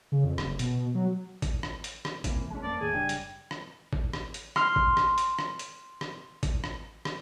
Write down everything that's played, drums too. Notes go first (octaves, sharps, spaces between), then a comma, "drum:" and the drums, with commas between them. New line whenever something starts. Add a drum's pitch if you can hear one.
C#3
F2
F#1, drum: rim click
B2, drum: hi-hat
F#3
drum: kick G#1, hi-hat
drum: rim click
drum: hi-hat
drum: rim click
C3 E3 A#3, drum: kick G#1, hi-hat
G#3 C#4 A5
F2 A#3 D5
D#2 A2 G#4 G#5
F#1 G3 D4 G5
drum: hi-hat
drum: rim click
drum: kick G#1
drum: rim click
drum: hi-hat
C6 F6, drum: rim click
drum: kick G#1
drum: rim click
drum: hi-hat
drum: rim click
drum: hi-hat
drum: rim click
drum: kick G#1, hi-hat
drum: rim click
drum: rim click